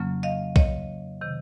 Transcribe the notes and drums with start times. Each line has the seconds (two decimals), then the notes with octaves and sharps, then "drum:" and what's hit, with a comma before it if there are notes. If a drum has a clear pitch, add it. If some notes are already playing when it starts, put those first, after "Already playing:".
Already playing: F2 C#3 F#3 A#3 C#4
0.23 D#5 F5
0.56 C#5 D#5, drum: kick B1
1.21 C3 D#3